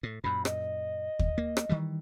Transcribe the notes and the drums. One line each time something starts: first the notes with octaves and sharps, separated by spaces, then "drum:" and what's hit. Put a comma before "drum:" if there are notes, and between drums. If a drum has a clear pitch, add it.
A2
F#2 A#2 B5
D#5, drum: rim click
drum: kick
A#3
drum: rim click
D#3 E3 G3